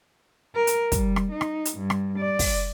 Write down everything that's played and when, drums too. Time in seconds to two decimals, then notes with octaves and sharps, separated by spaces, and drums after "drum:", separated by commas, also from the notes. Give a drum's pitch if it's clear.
0.55 A#4
0.67 drum: hi-hat
0.92 G3, drum: kick, hi-hat
1.16 drum: rim click
1.32 D#4
1.41 drum: rim click
1.65 drum: hi-hat
1.77 G2
1.90 drum: rim click
2.18 D5
2.39 drum: kick, open hi-hat